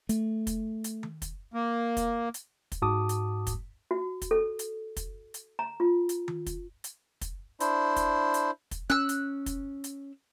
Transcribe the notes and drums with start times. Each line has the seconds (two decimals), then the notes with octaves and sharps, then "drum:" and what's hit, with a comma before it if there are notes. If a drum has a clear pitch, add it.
0.09 A3, drum: hi-hat
0.47 drum: kick, hi-hat
0.84 drum: hi-hat
1.03 drum: tom D#3
1.22 drum: kick, hi-hat
1.54 A#3
1.97 drum: kick, hi-hat
2.34 drum: hi-hat
2.72 drum: kick, hi-hat
2.82 G#2 F#4 A5 D6 D#6
3.09 drum: hi-hat
3.47 drum: kick, hi-hat
3.91 F#4
4.22 drum: kick, hi-hat
4.31 A4
4.59 drum: hi-hat
4.96 drum: kick, hi-hat
5.34 drum: hi-hat
5.59 A#5
5.80 F4
6.09 drum: hi-hat
6.28 drum: tom D#3
6.46 drum: kick, hi-hat
6.84 drum: hi-hat
7.21 drum: kick, hi-hat
7.60 D4 E4 C5, drum: hi-hat
7.96 drum: kick, hi-hat
8.34 drum: hi-hat
8.71 drum: kick, hi-hat
8.90 C#4 E6 F#6
9.09 drum: hi-hat
9.46 drum: kick, hi-hat
9.84 drum: hi-hat